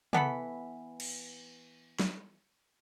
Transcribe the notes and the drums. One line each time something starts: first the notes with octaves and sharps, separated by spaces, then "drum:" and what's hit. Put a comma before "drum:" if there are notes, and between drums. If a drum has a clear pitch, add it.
E3 B3 A4 B5, drum: tom
drum: cymbal
drum: snare